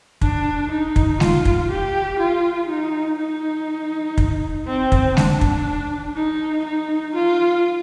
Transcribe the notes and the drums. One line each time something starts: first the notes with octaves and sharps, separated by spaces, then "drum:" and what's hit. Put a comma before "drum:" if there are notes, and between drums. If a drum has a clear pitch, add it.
D4, drum: kick
D#4
drum: kick
F4, drum: snare G#3
drum: kick
G4
F4
D#4
D#4
drum: kick
C4
drum: kick
D4, drum: snare G#3
drum: kick
D#4
D#4
F4